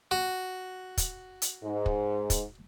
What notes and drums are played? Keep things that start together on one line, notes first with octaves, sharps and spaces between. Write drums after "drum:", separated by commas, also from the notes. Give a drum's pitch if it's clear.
F#4
drum: kick, hi-hat
drum: hi-hat
G#2
drum: kick
drum: kick, hi-hat